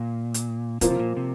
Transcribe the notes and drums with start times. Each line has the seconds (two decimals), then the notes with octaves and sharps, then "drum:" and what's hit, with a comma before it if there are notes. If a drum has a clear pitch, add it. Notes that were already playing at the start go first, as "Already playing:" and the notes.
Already playing: A#2
0.34 drum: hi-hat
0.81 A#2 F3 A#3 F4 C5, drum: kick E1, hi-hat
0.90 C3
1.00 A#2
1.17 C3